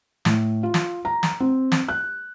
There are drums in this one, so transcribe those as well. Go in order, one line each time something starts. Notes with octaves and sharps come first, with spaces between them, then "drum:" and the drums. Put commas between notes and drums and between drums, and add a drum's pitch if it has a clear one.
A2, drum: snare
F4
drum: snare
A#5
drum: snare
C4
drum: snare
F#6